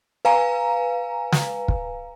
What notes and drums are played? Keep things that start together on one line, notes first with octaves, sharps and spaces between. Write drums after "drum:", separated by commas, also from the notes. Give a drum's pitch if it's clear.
B4 F5 G#5 A#5
drum: snare
drum: kick